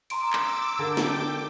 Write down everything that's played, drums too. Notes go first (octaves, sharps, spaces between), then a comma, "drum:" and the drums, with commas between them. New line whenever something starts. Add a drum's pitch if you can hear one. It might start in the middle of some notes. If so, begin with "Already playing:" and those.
A#5 C6 D6 E6 D7, drum: cymbal
drum: clap
D3 A#3 D4 G5 D6 A6
drum: snare